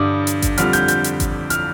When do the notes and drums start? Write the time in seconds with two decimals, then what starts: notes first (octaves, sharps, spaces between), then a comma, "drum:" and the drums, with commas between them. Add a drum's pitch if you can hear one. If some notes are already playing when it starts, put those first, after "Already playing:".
Already playing: G2 D3 G3 D6 D#6
0.27 drum: hi-hat
0.42 drum: kick G#1, hi-hat
0.58 F2 D3 G3 F6, drum: hi-hat
0.73 G6, drum: hi-hat
0.88 G6, drum: hi-hat
1.04 drum: hi-hat
1.20 drum: kick G#1, hi-hat
1.50 F6, drum: hi-hat